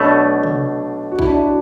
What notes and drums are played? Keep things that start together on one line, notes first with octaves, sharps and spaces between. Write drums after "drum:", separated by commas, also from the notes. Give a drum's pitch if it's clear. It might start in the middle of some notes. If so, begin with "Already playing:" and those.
Already playing: B1 B2 A3 D4
drum: tom C3
F#4
E4, drum: kick A#1
D4
E4
F#4